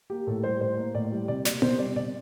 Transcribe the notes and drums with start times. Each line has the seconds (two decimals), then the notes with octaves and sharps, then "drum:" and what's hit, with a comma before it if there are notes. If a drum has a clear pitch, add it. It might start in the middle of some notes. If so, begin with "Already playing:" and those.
0.10 A#3 G4
0.27 A2 A4
0.44 G3 C5
0.61 A2 C5
0.77 A#3
0.95 A2 D5
1.12 G3
1.28 C3 D5
1.45 A#3 D5, drum: snare
1.62 C3 C5, drum: tom B3
1.79 G3 D5
1.96 C3 D5